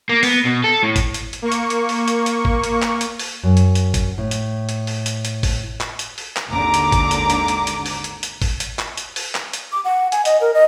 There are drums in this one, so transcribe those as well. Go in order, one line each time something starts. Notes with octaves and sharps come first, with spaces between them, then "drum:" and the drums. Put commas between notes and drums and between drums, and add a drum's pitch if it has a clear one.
A#3
B3, drum: open hi-hat
B2
A4
A2
drum: kick G1, hi-hat
drum: hi-hat
drum: hi-hat
A#3 C#6
drum: hi-hat
drum: hi-hat
drum: open hi-hat
drum: hi-hat
drum: hi-hat
drum: kick G1
drum: hi-hat
drum: clap
drum: hi-hat
drum: open hi-hat
F#2
drum: hi-hat
drum: hi-hat
drum: kick G1, hi-hat
A2
drum: hi-hat
drum: hi-hat
drum: open hi-hat
drum: hi-hat
drum: hi-hat
drum: kick G1, open hi-hat
drum: clap
drum: hi-hat
drum: open hi-hat
drum: clap
G#1 D#2 D3 A#5 D6
drum: hi-hat
drum: kick G1, hi-hat
drum: hi-hat
drum: hi-hat
drum: hi-hat
drum: hi-hat
drum: open hi-hat
drum: hi-hat
drum: hi-hat
drum: kick G1, open hi-hat
drum: hi-hat
drum: clap
drum: hi-hat
drum: open hi-hat
drum: clap
drum: hi-hat
D6
F#5
G#5, drum: hi-hat
D#5, drum: hi-hat
A#4
D#5